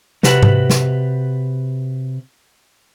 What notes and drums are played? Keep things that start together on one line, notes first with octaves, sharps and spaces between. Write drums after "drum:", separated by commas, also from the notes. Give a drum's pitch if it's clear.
C3 F#4 G4 B4 F#5 A5, drum: snare
drum: tom G#2
drum: snare